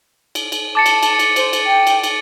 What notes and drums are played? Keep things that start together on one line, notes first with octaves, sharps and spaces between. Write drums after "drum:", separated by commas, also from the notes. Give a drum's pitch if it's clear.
drum: cymbal
drum: cymbal
A5 D6 A6 C#7
drum: cymbal
drum: cymbal
drum: cymbal
C5, drum: cymbal
drum: cymbal
G5
drum: cymbal
drum: cymbal